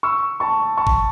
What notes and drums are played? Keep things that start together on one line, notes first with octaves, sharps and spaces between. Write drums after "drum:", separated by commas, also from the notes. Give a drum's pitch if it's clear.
C#6 E6
A5 C#6
A5 C#6
drum: kick G1